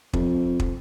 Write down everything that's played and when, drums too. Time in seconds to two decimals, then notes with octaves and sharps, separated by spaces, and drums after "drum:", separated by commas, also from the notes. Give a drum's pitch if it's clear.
0.13 F2, drum: kick
0.60 drum: kick